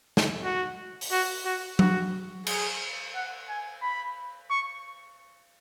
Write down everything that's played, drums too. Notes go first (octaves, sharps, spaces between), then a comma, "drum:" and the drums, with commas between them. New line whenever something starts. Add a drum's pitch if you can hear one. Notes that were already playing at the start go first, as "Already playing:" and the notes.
drum: snare
F#4
drum: open hi-hat
F#4
F#4
F#4, drum: tom F#3
G#4, drum: cymbal
F#5
G#5
B5
C#6